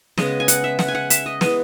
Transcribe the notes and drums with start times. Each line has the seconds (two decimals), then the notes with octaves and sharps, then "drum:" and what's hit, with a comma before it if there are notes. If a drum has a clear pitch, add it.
0.18 C#3 G#3 B3 D#5, drum: snare
0.40 G#5
0.48 F#5, drum: hi-hat
0.64 E5
0.79 F#5, drum: snare
0.88 G#5
0.95 F#5
1.10 E5, drum: hi-hat
1.26 D#5
1.41 E3 G#3 B3 D#5, drum: snare